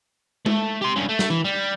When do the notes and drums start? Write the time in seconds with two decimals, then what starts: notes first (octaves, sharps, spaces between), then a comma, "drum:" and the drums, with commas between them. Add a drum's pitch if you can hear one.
0.46 A3, drum: tom G#3
0.82 G4 C6
0.96 G2 C#4
1.09 A3
1.19 drum: snare
1.30 E3
1.44 G3